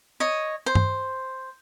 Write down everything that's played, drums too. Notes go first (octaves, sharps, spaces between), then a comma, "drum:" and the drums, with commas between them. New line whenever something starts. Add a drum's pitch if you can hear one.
C#5 D#5
C5
drum: tom G2